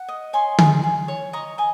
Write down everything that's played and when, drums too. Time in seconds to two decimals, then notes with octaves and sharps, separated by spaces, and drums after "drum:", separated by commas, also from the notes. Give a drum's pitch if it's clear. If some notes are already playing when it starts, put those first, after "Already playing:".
Already playing: F#5
0.08 D#5
0.33 C#5 G#5 C6
0.59 G#4, drum: tom D3
0.84 G#4
1.08 C#5
1.33 D#5 A#5 C#6
1.58 D#5 G#5